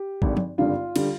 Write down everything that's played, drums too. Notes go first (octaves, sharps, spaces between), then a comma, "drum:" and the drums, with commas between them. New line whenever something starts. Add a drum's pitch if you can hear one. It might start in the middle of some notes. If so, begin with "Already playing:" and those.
Already playing: G4
G#1 G2 D3 G3, drum: kick
drum: tom
G#1 G2 D3 G3 F4
D3 G3, drum: cymbal